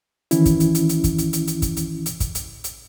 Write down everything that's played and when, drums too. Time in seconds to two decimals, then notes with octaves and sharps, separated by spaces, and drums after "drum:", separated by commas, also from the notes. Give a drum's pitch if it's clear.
0.31 D#3 E3 C#4 E4, drum: hi-hat
0.46 drum: kick, hi-hat
0.60 drum: hi-hat
0.75 drum: hi-hat
0.89 drum: hi-hat
1.04 drum: kick, hi-hat
1.18 drum: hi-hat
1.33 drum: hi-hat
1.48 drum: hi-hat
1.62 drum: kick, hi-hat
1.77 drum: hi-hat
2.06 drum: hi-hat
2.20 drum: kick, hi-hat
2.35 drum: hi-hat
2.64 drum: hi-hat